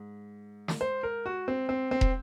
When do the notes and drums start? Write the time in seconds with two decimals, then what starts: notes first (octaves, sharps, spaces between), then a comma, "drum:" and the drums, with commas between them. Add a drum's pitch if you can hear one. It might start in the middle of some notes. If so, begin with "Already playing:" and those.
Already playing: G#2
0.68 drum: snare
0.81 C5
1.03 A#4
1.26 F#4
1.48 C4
1.69 C4
1.91 C4
2.01 drum: kick